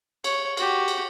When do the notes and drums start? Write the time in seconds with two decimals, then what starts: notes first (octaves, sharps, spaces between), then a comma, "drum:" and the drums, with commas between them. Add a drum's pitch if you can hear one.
0.24 C#5, drum: cymbal
0.57 F#4 G4, drum: cymbal
0.88 drum: cymbal